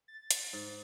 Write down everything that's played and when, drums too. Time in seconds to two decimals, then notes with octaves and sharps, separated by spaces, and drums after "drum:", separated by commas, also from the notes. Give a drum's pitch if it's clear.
0.08 A6
0.31 drum: hi-hat
0.53 G#2